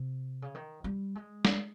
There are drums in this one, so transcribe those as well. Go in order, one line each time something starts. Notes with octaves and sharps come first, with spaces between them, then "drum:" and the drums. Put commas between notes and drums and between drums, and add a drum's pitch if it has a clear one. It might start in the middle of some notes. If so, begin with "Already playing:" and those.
Already playing: C3
C#3
D#3
G3
G#3
drum: snare